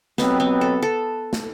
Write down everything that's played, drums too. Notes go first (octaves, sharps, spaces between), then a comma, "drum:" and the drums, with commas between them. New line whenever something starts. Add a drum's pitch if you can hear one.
B2 F#3 B3 C4 G4, drum: snare
B3
A4
A4
drum: snare